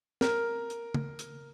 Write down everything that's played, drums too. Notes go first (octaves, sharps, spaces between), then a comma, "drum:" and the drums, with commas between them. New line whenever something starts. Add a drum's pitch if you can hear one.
A#4, drum: snare
drum: hi-hat
drum: tom
drum: hi-hat